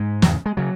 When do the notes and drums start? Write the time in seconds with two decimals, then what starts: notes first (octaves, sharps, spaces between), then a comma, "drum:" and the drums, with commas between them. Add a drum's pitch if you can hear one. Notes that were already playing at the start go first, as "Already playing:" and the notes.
Already playing: G#2 G#3
0.22 E2 C#3, drum: snare
0.46 G#3
0.57 C#3 F#3